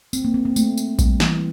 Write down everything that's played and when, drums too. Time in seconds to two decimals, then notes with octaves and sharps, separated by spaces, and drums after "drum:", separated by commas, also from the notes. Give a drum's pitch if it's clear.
0.13 C4, drum: tambourine
0.25 A#3
0.34 C4
0.45 C4
0.56 A3, drum: tambourine
0.77 drum: tambourine
0.99 G3, drum: kick A#1, tambourine
1.20 E3, drum: snare